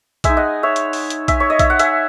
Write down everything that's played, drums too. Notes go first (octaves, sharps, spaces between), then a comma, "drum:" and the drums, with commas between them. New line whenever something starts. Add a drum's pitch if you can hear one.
G#3 D#4 E5 G#5, drum: kick A#1, hi-hat
D#5 F#5
C#5 E5
drum: hi-hat
drum: open hi-hat
drum: hi-hat
E5 G#5, drum: kick A#1, hi-hat
C#5
D#5
E5, drum: kick A#1, hi-hat
F#5
E5 G#5, drum: hi-hat